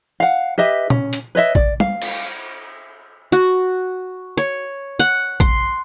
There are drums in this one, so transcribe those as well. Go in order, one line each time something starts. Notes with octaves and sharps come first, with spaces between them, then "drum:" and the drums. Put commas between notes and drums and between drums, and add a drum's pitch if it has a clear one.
F5 F#5
G4 B4 D#5 E5
C#4, drum: tom
drum: hi-hat
B4 C#5 D#5 E5
D5, drum: kick A1
F5, drum: tom G3
drum: cymbal
F#4
C#5
F#5
C6, drum: kick A1